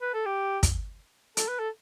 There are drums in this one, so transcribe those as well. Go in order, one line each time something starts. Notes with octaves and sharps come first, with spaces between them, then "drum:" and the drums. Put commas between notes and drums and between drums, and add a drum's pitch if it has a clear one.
B4
A4
G4
drum: kick, hi-hat
A4, drum: hi-hat
B4
A4